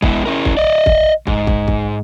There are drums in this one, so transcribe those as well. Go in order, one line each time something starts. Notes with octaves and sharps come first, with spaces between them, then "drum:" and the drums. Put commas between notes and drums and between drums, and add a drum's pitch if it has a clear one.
G#3 B3 E4, drum: kick
C#4 E4 A#4
drum: kick
D5 D#5
drum: kick
G#2, drum: kick
drum: kick
drum: kick